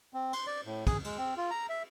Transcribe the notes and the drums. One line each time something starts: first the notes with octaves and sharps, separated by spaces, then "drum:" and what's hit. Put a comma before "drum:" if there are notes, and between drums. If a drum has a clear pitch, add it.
C4
C6, drum: cymbal
D5
A2
G#4, drum: kick, cymbal
G#3, drum: cymbal
C4
F4
A#5
E5